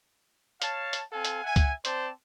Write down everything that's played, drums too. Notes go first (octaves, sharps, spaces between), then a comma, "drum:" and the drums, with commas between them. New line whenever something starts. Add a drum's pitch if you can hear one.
C#5 F5 A5, drum: hi-hat
drum: hi-hat
C4 A4 F5 G#5
drum: hi-hat
E5 F#5 G#5
drum: kick C#2, hi-hat
C4 C5 D5 A5, drum: hi-hat